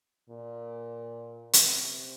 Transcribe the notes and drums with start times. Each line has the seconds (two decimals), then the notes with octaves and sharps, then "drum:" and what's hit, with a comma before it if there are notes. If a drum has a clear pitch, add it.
0.30 A#2
1.53 C3, drum: hi-hat